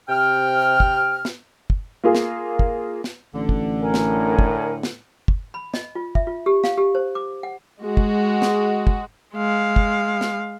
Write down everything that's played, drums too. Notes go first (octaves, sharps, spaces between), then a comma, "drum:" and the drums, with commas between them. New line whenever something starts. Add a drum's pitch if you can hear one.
C3 G5 F6
drum: kick
drum: snare
drum: kick
A#3 F4 G#4
drum: snare
drum: kick
drum: snare
A1 D3
drum: kick
A2 A#4 G#5
drum: snare
drum: kick
drum: snare
drum: kick
B5
D#5, drum: snare
F4
E5, drum: kick
F4
G4
F5, drum: snare
G4
C5
D6
F#5
G#3 F#4
drum: kick
drum: snare
drum: kick
G#3 F5
drum: kick
drum: snare